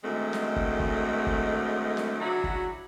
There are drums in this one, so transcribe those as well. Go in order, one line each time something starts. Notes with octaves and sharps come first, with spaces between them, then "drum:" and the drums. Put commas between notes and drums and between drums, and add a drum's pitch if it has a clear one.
F#2 D3 D#3 G#3 A3 C4
drum: snare
drum: kick
drum: kick
drum: kick
drum: snare
C#3 F#3 D4 E4 F#4
drum: kick